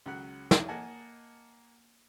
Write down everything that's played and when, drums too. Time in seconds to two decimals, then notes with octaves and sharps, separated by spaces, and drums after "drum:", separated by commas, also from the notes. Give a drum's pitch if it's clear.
0.06 C#2 C#3 F#3 F#5 F#6
0.51 drum: snare
0.68 A#3 D#5 F#5 G#5 A5